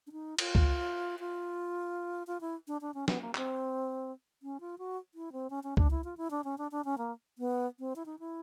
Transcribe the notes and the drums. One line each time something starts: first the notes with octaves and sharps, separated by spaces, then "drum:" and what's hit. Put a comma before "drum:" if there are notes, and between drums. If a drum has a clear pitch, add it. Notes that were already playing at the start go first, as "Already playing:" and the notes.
D4
D#4
F4, drum: cymbal
drum: kick
F4
F4
E4
D4
D4
C#4
B3, drum: snare
A#3
C4, drum: clap
C#4
F4
F#4
E4
C4
C#4
C#4
D4, drum: kick
E4
F4
E4
D4
C#4
D4
D4
C#4
A#3
B3
C4
E4
D#4
E4